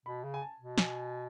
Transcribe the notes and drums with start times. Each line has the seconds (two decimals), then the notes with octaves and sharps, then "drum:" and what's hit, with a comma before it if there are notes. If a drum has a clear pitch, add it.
0.06 B2 B5
0.24 C#3
0.34 G#5
0.42 A5
0.60 B2
0.78 G#5, drum: snare